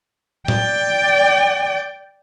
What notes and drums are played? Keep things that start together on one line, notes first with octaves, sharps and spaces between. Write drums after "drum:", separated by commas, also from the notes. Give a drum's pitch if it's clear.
D5 G5, drum: tom A2